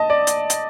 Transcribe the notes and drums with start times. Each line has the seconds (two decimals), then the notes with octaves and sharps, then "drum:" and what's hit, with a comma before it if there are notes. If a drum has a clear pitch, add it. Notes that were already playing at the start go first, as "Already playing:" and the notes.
Already playing: D#5 A5
0.10 D5
0.27 drum: hi-hat
0.50 drum: hi-hat